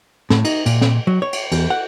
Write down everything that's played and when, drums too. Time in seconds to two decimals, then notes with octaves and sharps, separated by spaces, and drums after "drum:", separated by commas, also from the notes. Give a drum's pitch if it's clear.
0.30 A2, drum: snare
0.45 D#4, drum: cymbal
0.66 A#2, drum: cymbal
0.82 drum: snare
1.07 F#3
1.22 C#5
1.33 drum: cymbal
1.52 E2, drum: cymbal
1.70 F#5